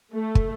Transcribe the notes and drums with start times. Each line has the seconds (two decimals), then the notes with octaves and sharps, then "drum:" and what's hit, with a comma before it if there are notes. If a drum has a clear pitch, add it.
0.14 A3
0.35 drum: kick